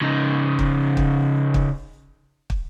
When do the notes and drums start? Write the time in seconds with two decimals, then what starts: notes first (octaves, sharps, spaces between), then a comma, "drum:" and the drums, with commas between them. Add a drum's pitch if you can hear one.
0.01 C#3 D#4
0.59 drum: kick
0.97 drum: kick
1.54 drum: kick
2.50 drum: kick